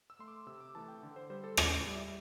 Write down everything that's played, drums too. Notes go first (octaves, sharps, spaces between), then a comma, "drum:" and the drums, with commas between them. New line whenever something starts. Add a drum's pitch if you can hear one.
E6
A3 C6
D6
C3 E6
D6
E3 A3 A5
G5
D3
C5
G3 C5
A4
A2 D5, drum: rim click
D5
G3
E5